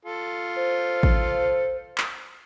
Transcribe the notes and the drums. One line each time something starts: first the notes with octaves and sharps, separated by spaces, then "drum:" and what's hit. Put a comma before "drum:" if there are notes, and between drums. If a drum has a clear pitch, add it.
F4 A4
C5
drum: kick A1
drum: clap